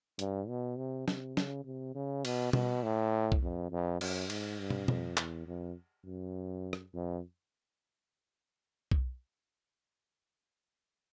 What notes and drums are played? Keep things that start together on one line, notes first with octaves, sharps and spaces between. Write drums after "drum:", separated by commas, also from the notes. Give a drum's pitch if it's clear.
G2, drum: hi-hat
B2
C3
C3, drum: snare
C#3, drum: snare
C3
C#3
B2, drum: cymbal
B2, drum: tom B2
A2
drum: kick B1
F2
F2
F#2, drum: cymbal
G#2, drum: cymbal
G2
drum: tom
F2, drum: tom B2
E2, drum: clap
F2
F#2
drum: rim click
F2
drum: kick B1